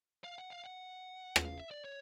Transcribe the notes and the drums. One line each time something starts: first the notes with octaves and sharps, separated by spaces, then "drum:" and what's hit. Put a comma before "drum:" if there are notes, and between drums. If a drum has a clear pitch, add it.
F5
F#5
F5
F#5
drum: rim click
F5
E5
D5
C#5